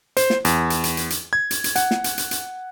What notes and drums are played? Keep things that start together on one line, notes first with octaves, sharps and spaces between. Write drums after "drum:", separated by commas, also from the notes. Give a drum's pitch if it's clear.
C5, drum: hi-hat
drum: snare
E2, drum: hi-hat
drum: hi-hat
drum: hi-hat
drum: hi-hat
drum: hi-hat
G#6
drum: hi-hat
drum: hi-hat
F#5, drum: hi-hat
drum: snare
drum: hi-hat
drum: hi-hat
drum: hi-hat